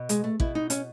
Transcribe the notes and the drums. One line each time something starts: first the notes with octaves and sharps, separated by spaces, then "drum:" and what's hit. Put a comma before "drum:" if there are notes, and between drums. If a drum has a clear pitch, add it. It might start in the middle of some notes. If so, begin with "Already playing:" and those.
Already playing: B2
G#3, drum: hi-hat
A3
B2 E4, drum: kick A1
D#4
C#4, drum: hi-hat